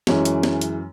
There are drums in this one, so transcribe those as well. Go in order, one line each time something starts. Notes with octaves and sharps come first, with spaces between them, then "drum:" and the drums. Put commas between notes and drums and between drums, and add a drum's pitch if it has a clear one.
F#2 E3 G#3 C#4, drum: snare
drum: hi-hat
drum: snare
drum: hi-hat